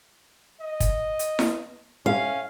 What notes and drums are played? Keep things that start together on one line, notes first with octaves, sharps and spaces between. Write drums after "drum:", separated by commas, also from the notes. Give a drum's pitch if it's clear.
D#5
drum: kick, hi-hat
drum: hi-hat
drum: snare E4
C#4 F5